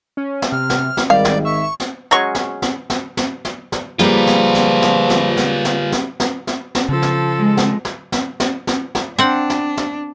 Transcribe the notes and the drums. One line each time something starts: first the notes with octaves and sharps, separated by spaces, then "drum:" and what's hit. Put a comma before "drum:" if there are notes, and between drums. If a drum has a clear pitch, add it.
C#4
drum: snare
C3 F6
drum: snare
drum: snare
G#1 D#3 G3 D5 F5
drum: snare
E5 C#6
drum: snare
F#3 G#3 C#4 C#6
drum: snare
drum: snare
drum: snare
drum: snare
drum: snare
drum: snare
F3 G3 A#3 F4 G#4 B4, drum: snare
drum: snare
drum: snare
drum: snare
drum: snare
drum: snare
drum: snare
drum: snare
drum: snare
drum: snare
drum: snare
C#3 F3 A4
drum: snare
G#3
drum: snare
drum: snare
drum: snare
drum: snare
drum: snare
drum: snare
C4 D4 F#5
drum: snare
drum: snare